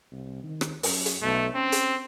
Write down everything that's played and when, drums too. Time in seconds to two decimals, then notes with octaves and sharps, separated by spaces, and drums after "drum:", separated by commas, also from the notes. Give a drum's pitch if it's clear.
0.12 C2
0.44 D#3
0.61 drum: rim click
0.83 F#2, drum: open hi-hat
1.05 drum: hi-hat
1.22 B1 A3
1.54 C4 C#4
1.72 drum: hi-hat